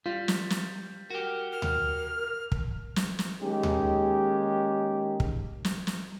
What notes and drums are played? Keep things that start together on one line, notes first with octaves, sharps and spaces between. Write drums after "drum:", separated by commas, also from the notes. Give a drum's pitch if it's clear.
G3 F4
drum: snare
drum: snare
F#4 G4 A#4
A#4 F6
drum: tom D2
drum: kick
drum: snare
drum: snare
D#3 G#3 A#3 C#4 D#4 G4
drum: tom D2
drum: kick
drum: snare
drum: snare